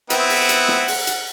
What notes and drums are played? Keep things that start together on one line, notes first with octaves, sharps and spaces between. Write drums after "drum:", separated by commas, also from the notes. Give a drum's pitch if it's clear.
B3 C4 E4 F#5, drum: hi-hat
drum: open hi-hat
drum: hi-hat
drum: snare
drum: open hi-hat
drum: hi-hat